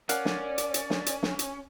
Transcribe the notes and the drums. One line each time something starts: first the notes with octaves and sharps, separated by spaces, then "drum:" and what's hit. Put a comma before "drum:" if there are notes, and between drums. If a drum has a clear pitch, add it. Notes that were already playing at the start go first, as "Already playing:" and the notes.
C#4 A#4 D5 F5 F#5 G#5, drum: hi-hat
drum: snare
drum: hi-hat
drum: hi-hat
drum: snare
drum: hi-hat
drum: snare
drum: hi-hat